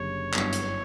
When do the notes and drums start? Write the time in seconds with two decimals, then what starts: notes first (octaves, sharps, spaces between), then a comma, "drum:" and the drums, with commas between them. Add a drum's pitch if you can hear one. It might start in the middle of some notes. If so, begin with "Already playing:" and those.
Already playing: F#1 F#2 D3 G3 C#5
0.34 G1 G2 F#3 B3 E4, drum: clap
0.53 drum: hi-hat